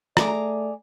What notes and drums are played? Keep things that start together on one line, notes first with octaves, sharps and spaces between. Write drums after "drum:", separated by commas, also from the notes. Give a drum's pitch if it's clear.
A3 G#4 D5 A#5 D6, drum: rim click